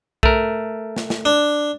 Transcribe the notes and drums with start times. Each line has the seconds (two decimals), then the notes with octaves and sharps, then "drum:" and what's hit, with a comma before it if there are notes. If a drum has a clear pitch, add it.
0.23 A3 A#4, drum: kick B1
0.96 drum: snare
1.10 drum: snare
1.25 D4